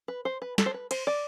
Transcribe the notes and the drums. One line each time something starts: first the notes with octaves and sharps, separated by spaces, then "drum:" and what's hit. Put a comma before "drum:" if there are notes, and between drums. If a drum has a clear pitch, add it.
B4
C5
B4
A4, drum: snare
C5
B4
C5, drum: cymbal
D5